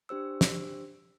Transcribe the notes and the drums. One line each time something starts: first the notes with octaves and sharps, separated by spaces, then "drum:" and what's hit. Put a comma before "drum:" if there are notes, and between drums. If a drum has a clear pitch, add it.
D4 G4 C5 E6
drum: snare